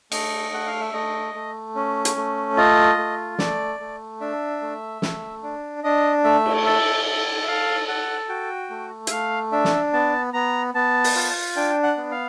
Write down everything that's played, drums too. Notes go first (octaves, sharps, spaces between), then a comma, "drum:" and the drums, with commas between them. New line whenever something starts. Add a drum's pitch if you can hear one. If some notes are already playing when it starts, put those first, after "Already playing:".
A3 D#5, drum: cymbal
A3 F#5
F5
E5
A3 D#5
A3
C#4
drum: hi-hat
A3
F4 D#5
A3
A3 D5, drum: snare
A3
D4 E5
A3
A3, drum: snare
D4
D4 D#5
A3 E5
drum: cymbal
A4 E5
A4
E5
A4 F5
A4 F#5
F#4 G5
A3
E5, drum: hi-hat
A3 F5
D4 E5
drum: snare
B3 A5
B3 A#5
B3 A5
drum: open hi-hat
F4
D4 G5
F#5
B3
F5